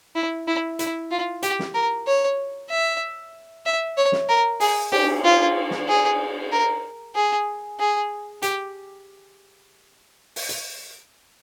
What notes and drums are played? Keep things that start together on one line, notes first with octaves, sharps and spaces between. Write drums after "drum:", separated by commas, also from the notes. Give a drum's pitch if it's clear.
E4
E4
E4, drum: hi-hat
F4
G4, drum: hi-hat
drum: snare
A#4
C#5
E5
E5
C#5
drum: snare
A#4
G#4, drum: open hi-hat
G4, drum: cymbal
F4
drum: snare
G#4
A#4
G#4
G#4
G4, drum: hi-hat
drum: open hi-hat
drum: hi-hat